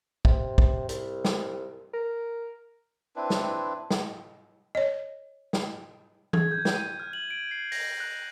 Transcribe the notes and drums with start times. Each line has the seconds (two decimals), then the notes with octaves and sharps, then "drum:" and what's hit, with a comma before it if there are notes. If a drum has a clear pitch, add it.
0.25 C3, drum: kick
0.58 drum: kick
0.89 C2, drum: hi-hat
1.25 drum: snare
1.94 A#4
3.16 C4 D4 E4 B4
3.30 drum: snare
3.90 drum: snare
4.75 C#5 D#5
5.53 drum: snare
6.33 G#6, drum: tom E3
6.51 G6
6.65 drum: snare
6.74 D#7
7.00 F6
7.13 F#7
7.31 D7
7.51 C7
7.72 A#6, drum: open hi-hat
8.00 F#6